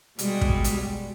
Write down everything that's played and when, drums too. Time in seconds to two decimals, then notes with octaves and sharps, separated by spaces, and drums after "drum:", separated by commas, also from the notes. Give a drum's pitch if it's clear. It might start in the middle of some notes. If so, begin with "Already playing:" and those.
0.19 B2 G3 G#3, drum: hi-hat
0.41 drum: kick
0.64 drum: hi-hat